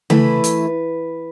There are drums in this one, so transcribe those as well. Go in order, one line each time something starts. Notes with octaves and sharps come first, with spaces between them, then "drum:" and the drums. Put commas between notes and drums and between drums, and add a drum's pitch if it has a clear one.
E3 A3 E4 B4, drum: tom C#3
drum: hi-hat